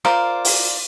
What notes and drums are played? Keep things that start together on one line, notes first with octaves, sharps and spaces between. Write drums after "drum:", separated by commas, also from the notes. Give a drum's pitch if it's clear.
F4 A#4 C5 D5, drum: rim click
drum: open hi-hat